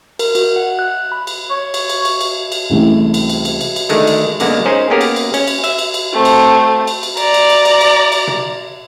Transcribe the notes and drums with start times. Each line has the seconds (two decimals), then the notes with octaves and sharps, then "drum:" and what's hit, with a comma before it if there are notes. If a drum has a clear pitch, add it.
0.19 A#4, drum: cymbal
0.35 F#4, drum: cymbal
0.56 F#5
0.79 F#6
1.12 B5
1.27 drum: cymbal
1.50 C#5
1.74 drum: cymbal
1.89 drum: cymbal
2.05 drum: cymbal
2.21 drum: cymbal
2.52 drum: cymbal
2.70 C#2 C3 E3 G3 A3
3.14 drum: cymbal
3.30 drum: cymbal
3.45 drum: cymbal
3.61 drum: cymbal
3.76 drum: cymbal
3.89 D3 D#3 G#3 A3, drum: cymbal
4.07 drum: cymbal
4.40 F#2 D3 G#3 A#3 B3 F#4, drum: cymbal
4.66 C#4 D#4 G#4 A#4 C5
4.90 A#3 B3 C#4 G4 G#4 A#4
5.01 drum: cymbal
5.16 drum: cymbal
5.34 C#4, drum: cymbal
5.47 drum: cymbal
5.64 E5, drum: cymbal
5.78 drum: cymbal
5.94 drum: cymbal
6.13 A3 C4
6.25 drum: cymbal
6.87 drum: cymbal
7.03 drum: cymbal
7.17 D5 A#5, drum: cymbal
7.34 drum: cymbal
7.50 drum: cymbal
7.65 drum: cymbal
7.81 drum: cymbal
8.12 drum: cymbal
8.27 drum: tom B2